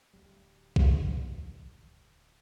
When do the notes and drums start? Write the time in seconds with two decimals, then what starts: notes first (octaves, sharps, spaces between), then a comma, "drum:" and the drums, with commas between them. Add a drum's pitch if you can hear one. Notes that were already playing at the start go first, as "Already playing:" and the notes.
0.13 D1 D#2 G3
0.76 drum: kick